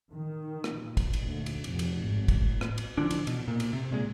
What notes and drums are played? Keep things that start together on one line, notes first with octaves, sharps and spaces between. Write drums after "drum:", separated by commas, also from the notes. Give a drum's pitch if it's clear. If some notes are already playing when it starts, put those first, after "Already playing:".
D#3
drum: rim click
A#2
drum: kick, cymbal
drum: cymbal
D2
drum: cymbal
F1, drum: cymbal
drum: cymbal
G#1
drum: kick, cymbal
A2
drum: rim click
drum: cymbal
D3 E3 F3 D4
drum: cymbal
B2, drum: cymbal
A#2
drum: cymbal
C3
A#2 G#3